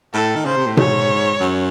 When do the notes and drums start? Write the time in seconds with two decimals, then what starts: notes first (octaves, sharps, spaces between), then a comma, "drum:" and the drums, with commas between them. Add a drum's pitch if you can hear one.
0.14 A2 A4
0.36 D#3
0.46 C#3 C5
0.57 C3
0.67 A2
0.77 G#2 C#5, drum: tom B2
1.40 F#2